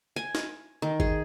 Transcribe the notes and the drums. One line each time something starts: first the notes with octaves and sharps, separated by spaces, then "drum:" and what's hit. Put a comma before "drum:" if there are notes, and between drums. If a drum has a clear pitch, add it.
G#5
drum: snare
D#3
G#4, drum: kick G#1